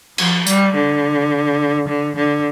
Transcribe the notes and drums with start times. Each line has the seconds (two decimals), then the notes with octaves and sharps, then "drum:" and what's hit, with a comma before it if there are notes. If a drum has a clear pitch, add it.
0.18 F3, drum: cymbal
0.47 G3, drum: tambourine
0.75 D3
1.88 D3
2.16 D3